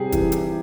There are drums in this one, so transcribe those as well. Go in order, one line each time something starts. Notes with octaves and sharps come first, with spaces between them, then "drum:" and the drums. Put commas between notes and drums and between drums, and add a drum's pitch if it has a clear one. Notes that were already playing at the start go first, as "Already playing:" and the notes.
Already playing: C3 G3 G4 G#4
E3, drum: kick, hi-hat
drum: hi-hat